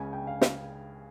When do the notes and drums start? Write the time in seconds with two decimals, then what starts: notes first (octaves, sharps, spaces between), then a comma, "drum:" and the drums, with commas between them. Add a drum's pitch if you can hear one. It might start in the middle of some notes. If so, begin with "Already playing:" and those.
Already playing: C#2 C#3 G#5
0.13 G5
0.27 F5
0.41 drum: snare